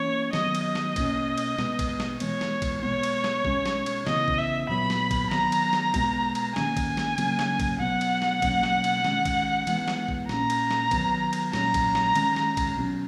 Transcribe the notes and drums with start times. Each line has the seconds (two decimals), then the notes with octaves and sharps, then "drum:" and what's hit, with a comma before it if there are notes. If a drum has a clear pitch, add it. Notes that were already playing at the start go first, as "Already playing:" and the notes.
Already playing: E3 A#3 C#4 C#5
0.33 D#3 F#3 B3 D#5, drum: snare
0.55 drum: cymbal
0.65 D#5
0.75 drum: snare
0.96 B2 A#3 C#4, drum: kick A1, cymbal
1.38 drum: cymbal
1.59 B2 G#3 B3, drum: snare
1.79 drum: kick A1, cymbal
2.00 drum: snare
2.20 E3 G#3 B3 C#5, drum: cymbal
2.41 drum: snare
2.62 drum: kick A1, cymbal
2.82 B2 G#3 B3 C#5
3.03 drum: cymbal
3.24 drum: snare
3.45 B2 G#3 C#4, drum: kick A1
3.66 drum: snare
3.86 drum: cymbal
4.07 C#3 E3 B3 D#5, drum: snare
4.28 drum: kick A1
4.38 E5
4.69 A#2 F#3 B3 B5
4.90 drum: snare
5.11 drum: kick A1, cymbal
5.31 D#3 F#3 B3 A#5, drum: snare
5.52 drum: cymbal
5.73 drum: snare
5.94 B2 G#3 B3, drum: kick A1, cymbal
6.35 drum: cymbal
6.56 D#3 A#3 C#4 G#5, drum: snare
6.77 drum: kick A1, cymbal
6.97 drum: snare
7.18 C#3 F#3 A#3 C#4, drum: cymbal
7.39 drum: snare
7.60 drum: kick A1, cymbal
7.80 B2 F#3 B3 F#5
8.01 drum: cymbal
8.22 drum: snare
8.42 B2 F#3 A#3 C#4, drum: kick A1, cymbal
8.63 drum: snare
8.84 drum: cymbal
9.04 D#3 G#3 C#4, drum: snare
9.25 drum: kick A1, cymbal
9.67 E3 G#3 B3, drum: cymbal
9.88 drum: snare
10.08 drum: kick A1
10.29 A#2 A#3 C#4 A#5, drum: snare
10.50 drum: cymbal
10.71 drum: snare
10.91 D#3 F#3 B3, drum: kick A1, cymbal
11.33 drum: cymbal
11.53 A#2 F#3 C#4 A#5, drum: snare
11.74 drum: kick A1, cymbal
11.95 drum: snare
12.15 D#3 G#3 C#4, drum: cymbal
12.36 drum: snare
12.57 drum: kick A1, cymbal
12.77 B2 F#3 C#4